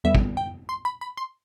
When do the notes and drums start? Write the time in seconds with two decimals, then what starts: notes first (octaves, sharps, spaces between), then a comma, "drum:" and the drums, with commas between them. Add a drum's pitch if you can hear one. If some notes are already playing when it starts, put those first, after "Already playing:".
0.04 E2 D3 G3 B3 E5
0.15 drum: kick
0.37 G5
0.69 C6
0.85 B5
1.01 B5
1.17 C6